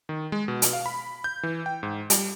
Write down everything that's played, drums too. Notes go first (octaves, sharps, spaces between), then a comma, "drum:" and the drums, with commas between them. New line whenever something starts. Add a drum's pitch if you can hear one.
D#3
G#3
B2
drum: hi-hat
F5
B5
G6
E3
G5
G#2
G3, drum: hi-hat